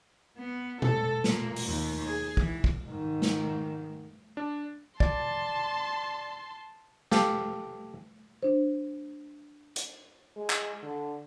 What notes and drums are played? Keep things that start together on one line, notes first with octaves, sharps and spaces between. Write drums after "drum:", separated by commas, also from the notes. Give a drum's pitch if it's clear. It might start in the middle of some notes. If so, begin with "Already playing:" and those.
B3
A4, drum: tom A#2
A#2 A#3, drum: snare
drum: open hi-hat
D#2
G#4
E3, drum: kick
drum: kick
G#2 D#3
drum: snare
D4
D5 A5 C6, drum: kick
G4 A4 F5, drum: snare
D4 C5
drum: hi-hat
G#3
drum: clap
D3